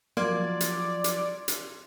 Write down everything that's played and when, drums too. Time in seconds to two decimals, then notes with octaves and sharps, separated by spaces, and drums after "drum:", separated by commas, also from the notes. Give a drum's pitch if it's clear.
0.17 F3 F#3 A#3 D5 C6 G#6
0.60 drum: hi-hat
1.04 drum: hi-hat
1.48 drum: hi-hat